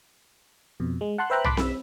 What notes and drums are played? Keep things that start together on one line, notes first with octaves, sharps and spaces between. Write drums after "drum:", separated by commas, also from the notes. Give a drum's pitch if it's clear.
F2 B2
G#3
F#5 A5 C6 F#6
B4 C5 E5 G5 A#5 F#6
A5 B5 C6 D6 F#6 B6, drum: tom B1
B5 E6, drum: snare C4